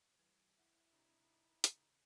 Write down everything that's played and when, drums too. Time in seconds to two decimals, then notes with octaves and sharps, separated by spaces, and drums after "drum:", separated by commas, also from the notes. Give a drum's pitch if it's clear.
0.19 E3 G3 G#6
0.59 E4 F#5
0.92 C3 D4 D#4 B5
1.64 C#3, drum: hi-hat